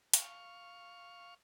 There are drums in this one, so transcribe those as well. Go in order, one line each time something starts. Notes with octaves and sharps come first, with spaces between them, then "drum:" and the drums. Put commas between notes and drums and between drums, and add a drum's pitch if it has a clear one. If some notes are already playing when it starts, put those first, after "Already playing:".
F5 C#6, drum: hi-hat